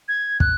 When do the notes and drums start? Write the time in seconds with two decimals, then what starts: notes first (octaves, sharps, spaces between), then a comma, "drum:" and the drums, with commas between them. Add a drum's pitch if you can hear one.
0.08 G#6
0.40 F#6, drum: kick